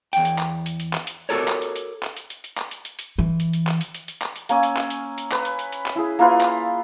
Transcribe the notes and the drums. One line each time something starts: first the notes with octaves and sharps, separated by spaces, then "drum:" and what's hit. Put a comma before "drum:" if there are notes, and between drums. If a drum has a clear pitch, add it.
E2 G5, drum: hi-hat
drum: hi-hat
drum: clap
drum: hi-hat
drum: hi-hat
drum: clap
drum: hi-hat
F#4 A4 A#4 C#5
drum: clap
drum: hi-hat
drum: hi-hat
drum: clap
drum: hi-hat
drum: hi-hat
drum: hi-hat
drum: clap
drum: hi-hat
drum: hi-hat
drum: hi-hat
E3
drum: hi-hat
drum: hi-hat
drum: clap
drum: hi-hat
drum: hi-hat
drum: hi-hat
drum: clap
drum: hi-hat
A#3 C#4 G#5 E6, drum: hi-hat
drum: hi-hat
drum: clap
drum: hi-hat
drum: hi-hat
B4, drum: clap
drum: hi-hat
drum: hi-hat
drum: hi-hat
drum: clap
E4 G#4
A#3 E4 F4 B4
drum: clap